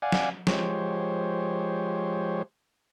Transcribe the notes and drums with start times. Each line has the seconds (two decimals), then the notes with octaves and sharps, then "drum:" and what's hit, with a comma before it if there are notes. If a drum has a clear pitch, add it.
0.02 D5 F5 F#5 G#5
0.12 drum: snare
0.47 F3 G#3 G4 C5 C#5, drum: snare